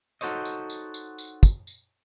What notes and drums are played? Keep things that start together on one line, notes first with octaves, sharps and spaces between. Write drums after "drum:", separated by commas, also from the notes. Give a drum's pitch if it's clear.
D#4 F#4 A4 C5 C#5 D#5, drum: tambourine
drum: tambourine
drum: tambourine
drum: tambourine
drum: tambourine
drum: kick, tambourine
drum: tambourine